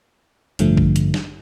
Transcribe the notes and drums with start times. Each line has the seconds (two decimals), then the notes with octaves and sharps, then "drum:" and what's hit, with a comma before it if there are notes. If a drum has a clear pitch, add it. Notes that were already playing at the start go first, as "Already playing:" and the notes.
0.59 A1 G2 D3 F3 A3, drum: hi-hat
0.77 drum: kick A1
0.96 drum: hi-hat
1.14 drum: snare